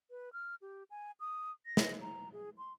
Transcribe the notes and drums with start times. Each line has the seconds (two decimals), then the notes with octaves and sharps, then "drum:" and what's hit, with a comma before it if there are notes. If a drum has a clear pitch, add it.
0.11 B4
0.33 F6
0.62 G4
0.90 G#5
1.20 D#6
1.66 A#6
1.77 drum: snare
2.01 A#5
2.33 G#4
2.58 C6